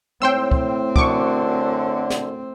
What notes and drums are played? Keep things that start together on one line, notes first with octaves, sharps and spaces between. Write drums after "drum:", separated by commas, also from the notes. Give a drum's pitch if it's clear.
A2 C4 G5 C6 E6
drum: kick
F#2 D3 C#6 D6, drum: kick
drum: snare